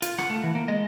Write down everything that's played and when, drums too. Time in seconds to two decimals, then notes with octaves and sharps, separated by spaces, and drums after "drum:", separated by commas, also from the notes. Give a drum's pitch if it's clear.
0.02 F4, drum: hi-hat
0.18 F#5, drum: rim click
0.30 A3
0.44 E3
0.55 A#3
0.68 G#3 D#5